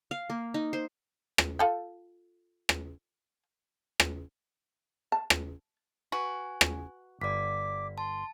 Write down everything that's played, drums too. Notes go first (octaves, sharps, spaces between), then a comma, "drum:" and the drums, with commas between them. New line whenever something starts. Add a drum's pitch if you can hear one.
F5
A#3
D#4
C5
drum: rim click
F4 A4 G5
drum: rim click
drum: rim click
A5
drum: rim click
F#4 B4 G#5
drum: rim click
G1 D5 D6 B6
A5 C6